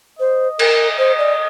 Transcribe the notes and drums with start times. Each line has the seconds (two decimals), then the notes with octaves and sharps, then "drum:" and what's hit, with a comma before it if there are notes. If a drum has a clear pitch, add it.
0.19 C5 D#5
0.59 A#4, drum: cymbal
0.98 C5 D#5
1.18 D5